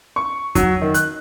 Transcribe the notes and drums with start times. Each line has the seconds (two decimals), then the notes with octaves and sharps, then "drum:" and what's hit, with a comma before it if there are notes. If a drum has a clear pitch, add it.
0.16 C#6
0.55 F#3, drum: kick F2, hi-hat
0.81 D#3
0.94 F#6, drum: hi-hat